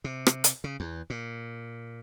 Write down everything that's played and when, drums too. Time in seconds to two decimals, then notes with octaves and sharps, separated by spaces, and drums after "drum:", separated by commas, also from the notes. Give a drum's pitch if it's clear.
0.04 C3
0.27 drum: rim click
0.44 drum: hi-hat
0.64 C#3
0.80 E2
1.10 A#2